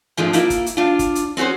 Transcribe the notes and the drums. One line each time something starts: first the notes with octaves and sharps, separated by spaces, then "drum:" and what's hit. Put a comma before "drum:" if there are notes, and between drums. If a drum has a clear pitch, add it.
G#2 F3 G#3 A3 D4
A#3 E4 F4, drum: hi-hat
drum: kick G1, hi-hat
drum: hi-hat
D4 F4
drum: kick G1, hi-hat
drum: hi-hat
C4 C#4 F#4 G#4 C5